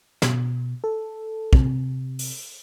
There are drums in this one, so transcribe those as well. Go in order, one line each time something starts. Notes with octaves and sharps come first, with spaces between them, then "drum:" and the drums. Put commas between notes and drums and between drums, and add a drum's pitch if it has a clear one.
B2, drum: snare
A4
C3, drum: kick
drum: open hi-hat